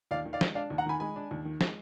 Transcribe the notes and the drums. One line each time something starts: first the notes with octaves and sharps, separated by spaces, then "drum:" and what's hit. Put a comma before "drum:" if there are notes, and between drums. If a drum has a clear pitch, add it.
D#2 D5 F5
D#3
D5 F5
G#3, drum: snare
D4 D5 F5
D#2
F#5 A#5
D#3 G#5 B5
G#3 G#5 B5
D4
D#2
D#3
G#3, drum: snare